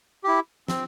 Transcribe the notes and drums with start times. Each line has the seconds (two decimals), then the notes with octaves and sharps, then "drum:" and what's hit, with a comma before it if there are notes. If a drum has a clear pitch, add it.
0.24 E4 G4
0.68 C4, drum: snare